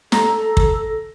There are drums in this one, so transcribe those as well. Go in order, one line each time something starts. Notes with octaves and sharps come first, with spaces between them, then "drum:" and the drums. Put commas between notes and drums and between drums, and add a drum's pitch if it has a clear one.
A4 A#5, drum: snare
drum: kick